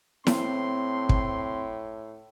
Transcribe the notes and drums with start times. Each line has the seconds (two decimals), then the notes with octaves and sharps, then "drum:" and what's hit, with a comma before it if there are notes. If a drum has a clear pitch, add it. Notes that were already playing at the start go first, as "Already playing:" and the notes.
0.27 A2 C4 C6, drum: snare E4
1.09 drum: kick